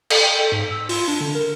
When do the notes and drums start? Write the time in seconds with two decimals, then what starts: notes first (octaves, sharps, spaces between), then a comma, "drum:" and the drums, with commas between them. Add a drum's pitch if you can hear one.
0.10 A4, drum: cymbal
0.23 G5
0.39 A4
0.52 G#2
0.71 E6
0.89 F4, drum: open hi-hat
1.08 D4
1.20 D3
1.35 A#4